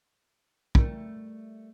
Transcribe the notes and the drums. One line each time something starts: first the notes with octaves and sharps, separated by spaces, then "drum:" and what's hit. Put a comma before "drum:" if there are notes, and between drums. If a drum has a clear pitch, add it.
G3 A3 A#4, drum: kick